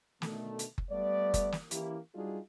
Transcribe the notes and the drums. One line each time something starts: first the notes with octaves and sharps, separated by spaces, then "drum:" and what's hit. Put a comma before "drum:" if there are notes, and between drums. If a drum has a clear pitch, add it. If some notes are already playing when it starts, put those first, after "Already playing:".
B2 D3 D#3 A3, drum: snare
drum: hi-hat
drum: kick F#1
G3 A3 B3 D5
drum: kick F#1, hi-hat
drum: snare
E3 A#3 C#4 E4 G4, drum: hi-hat
G3 D4 D#4 F4 F#4 G#4